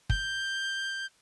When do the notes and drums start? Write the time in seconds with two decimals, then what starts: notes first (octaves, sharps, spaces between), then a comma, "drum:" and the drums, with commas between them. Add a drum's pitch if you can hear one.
0.10 G6, drum: kick